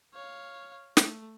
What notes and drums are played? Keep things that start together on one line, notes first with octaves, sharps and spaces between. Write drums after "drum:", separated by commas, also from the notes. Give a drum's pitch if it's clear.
C#5 F5
A3, drum: snare